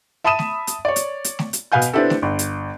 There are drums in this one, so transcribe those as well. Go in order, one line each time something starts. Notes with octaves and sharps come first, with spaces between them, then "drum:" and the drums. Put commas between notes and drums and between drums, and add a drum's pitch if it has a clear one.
E5 A5 B5 D#6 D#7 E7
drum: snare A3
drum: hi-hat
C#5 D5
drum: hi-hat
drum: hi-hat
drum: snare A3
drum: hi-hat
B2 B4 F5 G#5 G6
drum: hi-hat
B3 C4 D4 E4 G4 A4
drum: snare A3
G1
drum: hi-hat